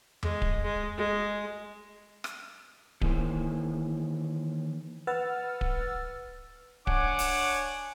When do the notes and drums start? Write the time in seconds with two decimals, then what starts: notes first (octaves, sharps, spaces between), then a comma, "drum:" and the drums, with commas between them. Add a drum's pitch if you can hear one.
0.23 G#3, drum: tom E2
0.42 drum: kick D1
0.64 G#3
0.98 G#3
2.24 drum: rim click
3.02 D#3 E3 A#3 G#4 C5, drum: kick D1
5.07 B4 F#5 E6 F6 A6
5.61 drum: kick D1
6.87 D4 C#5 F#5 G#5 D6, drum: kick D1
7.19 drum: open hi-hat